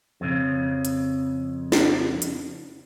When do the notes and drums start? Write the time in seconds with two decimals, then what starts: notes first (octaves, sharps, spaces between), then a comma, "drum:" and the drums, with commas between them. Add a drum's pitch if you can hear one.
0.21 F2 C#3
0.85 drum: hi-hat
1.72 drum: snare
2.22 drum: hi-hat